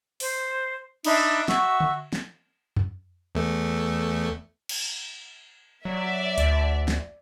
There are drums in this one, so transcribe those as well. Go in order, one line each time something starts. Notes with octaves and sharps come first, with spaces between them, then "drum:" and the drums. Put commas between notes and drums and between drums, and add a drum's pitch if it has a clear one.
C5, drum: open hi-hat
D4 D#4 E5 B5, drum: cymbal
F#4 E5 C#6 E6, drum: snare
drum: tom D3
drum: snare
drum: tom F2
E2 A3
drum: cymbal
F#3 D5 E5
D2, drum: hi-hat
drum: snare